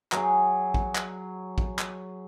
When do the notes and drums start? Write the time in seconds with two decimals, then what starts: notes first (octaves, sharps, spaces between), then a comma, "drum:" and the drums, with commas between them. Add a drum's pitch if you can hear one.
0.12 F#3 G#4, drum: clap
0.74 drum: kick
0.95 drum: clap
1.58 drum: kick
1.79 drum: clap